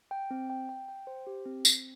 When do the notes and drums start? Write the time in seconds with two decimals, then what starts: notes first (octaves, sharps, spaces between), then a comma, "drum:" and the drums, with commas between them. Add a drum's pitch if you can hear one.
0.11 G5
0.31 C4
0.50 G5
0.69 G5
0.88 G5
1.07 C5
1.27 G4
1.46 C4
1.65 C4, drum: tambourine